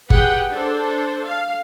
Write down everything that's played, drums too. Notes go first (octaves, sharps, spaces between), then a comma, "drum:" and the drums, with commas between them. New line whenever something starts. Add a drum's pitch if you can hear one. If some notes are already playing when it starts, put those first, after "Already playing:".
G4 G#4 B4 F#5 G5, drum: kick G1
D4 A4 C5
F5